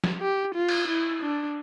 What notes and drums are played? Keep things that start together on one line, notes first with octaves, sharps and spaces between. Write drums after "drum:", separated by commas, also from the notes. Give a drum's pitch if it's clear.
drum: snare
G4
F4
drum: cymbal
E4
D4